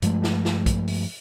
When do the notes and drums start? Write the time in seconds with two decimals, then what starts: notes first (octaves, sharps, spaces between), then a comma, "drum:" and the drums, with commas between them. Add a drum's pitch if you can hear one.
0.02 G2 F3 G#3 A3, drum: hi-hat
0.24 drum: snare
0.45 drum: snare
0.66 drum: kick, hi-hat
0.88 drum: open hi-hat